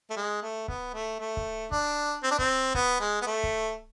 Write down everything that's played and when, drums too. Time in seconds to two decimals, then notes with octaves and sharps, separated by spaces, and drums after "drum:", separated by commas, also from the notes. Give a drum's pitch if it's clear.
0.10 A3
0.16 G#3
0.42 A3
0.68 B3, drum: kick C#1
0.94 A3
1.20 A3
1.37 drum: kick C#1
1.72 D4, drum: kick C#1
2.23 C4
2.31 D4
2.39 C4, drum: kick C#1
2.74 B3, drum: kick C#1
3.00 G#3
3.21 B3
3.26 A3
3.43 drum: kick C#1